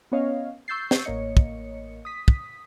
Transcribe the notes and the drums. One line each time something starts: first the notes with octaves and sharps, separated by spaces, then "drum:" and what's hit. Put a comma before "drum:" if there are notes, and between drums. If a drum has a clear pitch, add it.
B3 C#4 C#5 D#5 F5
C#6 E6 G6 A6 C7
drum: snare
A1 A#3 C#5 D#5 C#7
drum: kick
D#6 B6
drum: kick